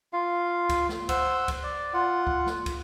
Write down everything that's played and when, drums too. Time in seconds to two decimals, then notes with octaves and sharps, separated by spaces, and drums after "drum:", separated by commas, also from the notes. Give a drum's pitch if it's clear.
0.13 F4 F5
0.69 drum: kick, cymbal
0.89 drum: snare
1.09 C5 F#5 C6 E6, drum: kick, cymbal
1.48 drum: kick, cymbal
1.63 D5
1.94 F4 F#5
2.27 drum: kick
2.46 drum: snare
2.66 drum: kick, cymbal